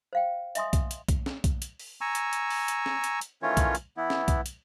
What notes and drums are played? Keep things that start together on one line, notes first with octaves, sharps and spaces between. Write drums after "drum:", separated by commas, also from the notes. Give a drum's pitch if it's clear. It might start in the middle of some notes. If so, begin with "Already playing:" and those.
C5 F5 G5
D#5 E5 G#5 C6 D#6, drum: hi-hat
drum: kick B1, hi-hat
drum: hi-hat
drum: kick B1, hi-hat
drum: snare
drum: kick B1, hi-hat
drum: hi-hat
drum: open hi-hat
G#5 A#5 C#6 E6
drum: hi-hat
drum: hi-hat
drum: open hi-hat
drum: hi-hat
drum: snare
drum: hi-hat
drum: hi-hat
D#3 E3 A3 C#4 F4 C#5
drum: kick B1, hi-hat
drum: hi-hat
E3 B3 E4
drum: snare
drum: kick B1, hi-hat
drum: hi-hat